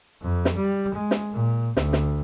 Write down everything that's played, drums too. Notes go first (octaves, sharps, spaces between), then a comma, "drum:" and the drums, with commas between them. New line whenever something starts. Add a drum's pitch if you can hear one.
F2
drum: snare
G3
G#3
drum: snare
A#2
D2, drum: snare
drum: snare